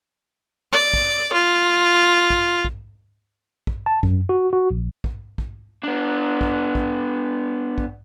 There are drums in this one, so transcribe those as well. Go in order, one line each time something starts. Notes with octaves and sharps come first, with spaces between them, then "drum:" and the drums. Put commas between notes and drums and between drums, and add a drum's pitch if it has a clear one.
D5
drum: kick
F4
drum: kick
drum: kick
drum: kick
A5
F#2, drum: kick
F#4
F#4
A#1
drum: kick
drum: kick
B3 D4
drum: kick
drum: kick
drum: kick